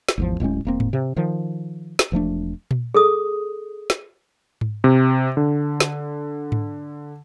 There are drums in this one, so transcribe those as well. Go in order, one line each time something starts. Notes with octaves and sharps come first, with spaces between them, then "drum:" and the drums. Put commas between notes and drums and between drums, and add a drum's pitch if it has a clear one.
drum: snare
G#1 E2 F3
D1 A2 G#3 C#4
E1 A#3 C4
drum: tom G#2
C3
D#3 F3
drum: snare
E1 F3 A3 D4
drum: tom A#2
G#4 A4 D#6
drum: snare
drum: tom G#2
C3
D3
drum: snare
drum: tom G#2